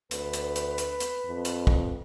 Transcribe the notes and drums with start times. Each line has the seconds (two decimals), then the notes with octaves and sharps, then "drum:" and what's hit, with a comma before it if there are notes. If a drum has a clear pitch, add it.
0.11 D2 B4, drum: hi-hat
0.33 drum: hi-hat
0.56 drum: hi-hat
0.78 drum: hi-hat
1.00 drum: hi-hat
1.26 F2
1.45 drum: hi-hat
1.67 drum: kick